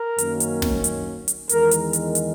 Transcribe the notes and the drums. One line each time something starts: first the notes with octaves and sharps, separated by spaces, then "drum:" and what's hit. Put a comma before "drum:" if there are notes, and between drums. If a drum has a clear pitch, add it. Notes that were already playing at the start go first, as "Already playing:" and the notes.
Already playing: A#4
F#2 D#3 F#3 A#3 C#4, drum: hi-hat
drum: hi-hat
drum: snare
drum: hi-hat
drum: hi-hat
E2 D#3 G#3 A#4, drum: hi-hat
drum: hi-hat
drum: hi-hat
drum: hi-hat